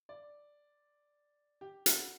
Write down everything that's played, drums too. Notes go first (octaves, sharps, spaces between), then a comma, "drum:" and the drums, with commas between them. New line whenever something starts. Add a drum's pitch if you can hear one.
D5
G4
F#4, drum: hi-hat